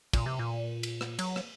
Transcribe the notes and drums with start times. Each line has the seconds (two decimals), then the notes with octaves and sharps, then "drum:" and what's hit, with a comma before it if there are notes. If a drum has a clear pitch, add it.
0.13 A#2, drum: kick, cymbal
0.26 C3
0.39 A#2
0.83 drum: cymbal
1.01 drum: rim click
1.19 F#3, drum: cymbal
1.36 drum: rim click